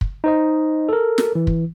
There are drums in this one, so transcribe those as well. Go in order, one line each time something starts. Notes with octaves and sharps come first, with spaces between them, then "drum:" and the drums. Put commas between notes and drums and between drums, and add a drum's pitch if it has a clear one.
drum: kick
D#4 C5 D#5
A4 A#4
drum: snare
E3
drum: kick